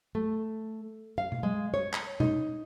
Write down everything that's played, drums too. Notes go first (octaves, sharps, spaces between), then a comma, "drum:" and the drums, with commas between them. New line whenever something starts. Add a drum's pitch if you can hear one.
A3
F5
drum: tom B2
G#3
C#5
drum: clap
D#4, drum: tom B2